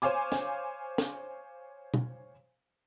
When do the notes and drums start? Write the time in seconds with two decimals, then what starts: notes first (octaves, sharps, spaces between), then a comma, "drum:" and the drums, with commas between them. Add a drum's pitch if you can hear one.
0.02 C5 C#5 F5 G#5 D6, drum: hi-hat
0.32 drum: snare
0.98 drum: snare
1.94 drum: tom